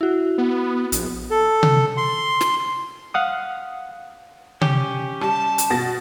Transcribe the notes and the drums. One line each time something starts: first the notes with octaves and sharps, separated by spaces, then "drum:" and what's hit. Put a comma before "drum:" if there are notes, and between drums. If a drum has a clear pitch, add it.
E4 F#4
B3
A#1, drum: hi-hat
A4
drum: tom C3
C6
drum: snare
F5 F#5 D#6
C#4 G4, drum: tom C3
G3 A5, drum: rim click
drum: hi-hat
B2 A6 A#6